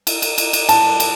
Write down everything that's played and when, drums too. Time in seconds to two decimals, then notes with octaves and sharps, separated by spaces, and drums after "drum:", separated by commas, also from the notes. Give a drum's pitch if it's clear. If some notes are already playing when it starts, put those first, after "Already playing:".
0.07 drum: cymbal
0.22 drum: cymbal
0.38 drum: cymbal
0.53 drum: cymbal
0.69 A5, drum: cymbal
1.00 drum: cymbal